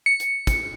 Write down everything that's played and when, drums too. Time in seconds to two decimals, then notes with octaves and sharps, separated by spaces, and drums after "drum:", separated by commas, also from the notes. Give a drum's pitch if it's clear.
0.06 C#7
0.20 drum: hi-hat
0.47 drum: kick, hi-hat